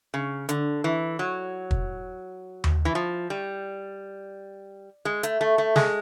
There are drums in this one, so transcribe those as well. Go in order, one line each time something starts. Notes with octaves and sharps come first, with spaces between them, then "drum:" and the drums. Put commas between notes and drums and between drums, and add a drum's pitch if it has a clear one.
C#3
D3, drum: hi-hat
E3
F#3
drum: kick
drum: tom D#2
E3
F3
G3
G#3
A3, drum: hi-hat
A3
A3
G#3, drum: snare